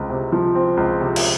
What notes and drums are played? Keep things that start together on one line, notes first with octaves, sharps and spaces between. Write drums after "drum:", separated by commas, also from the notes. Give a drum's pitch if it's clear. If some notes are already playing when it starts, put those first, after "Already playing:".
Already playing: C#2 C4
C3
F3
C4
C#2
C3
drum: cymbal